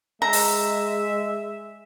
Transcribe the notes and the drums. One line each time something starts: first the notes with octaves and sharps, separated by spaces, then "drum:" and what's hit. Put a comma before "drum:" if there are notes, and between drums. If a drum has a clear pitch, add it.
G#3 E5 A#5
drum: open hi-hat